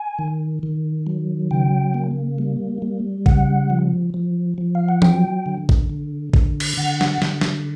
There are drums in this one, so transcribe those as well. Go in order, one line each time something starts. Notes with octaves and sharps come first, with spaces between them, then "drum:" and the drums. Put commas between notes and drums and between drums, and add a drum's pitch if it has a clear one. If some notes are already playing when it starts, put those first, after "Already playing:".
Already playing: G#5
D#3
D#3
F#3
C#3 G5
A#3
G3
G3
C#3 F#5, drum: kick A1
F3
F3
F3
F5
F#5
F#3 G5, drum: tom E3
D3
drum: kick A1
D3
D3, drum: kick A1
drum: cymbal
D3 F#5
drum: snare
D3, drum: snare
drum: snare